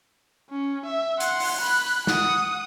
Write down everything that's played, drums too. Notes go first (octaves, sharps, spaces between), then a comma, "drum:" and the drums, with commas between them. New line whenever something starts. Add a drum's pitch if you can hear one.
C#4
E5
F#5 C6, drum: hi-hat
drum: open hi-hat
B5 F#6
F#5 D#6, drum: snare